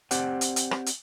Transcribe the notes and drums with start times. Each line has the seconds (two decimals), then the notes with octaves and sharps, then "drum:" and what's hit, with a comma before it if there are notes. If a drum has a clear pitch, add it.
0.11 C4 G4 C5 D5 F#5, drum: hi-hat
0.41 drum: hi-hat
0.56 drum: hi-hat
0.71 drum: rim click
0.86 drum: hi-hat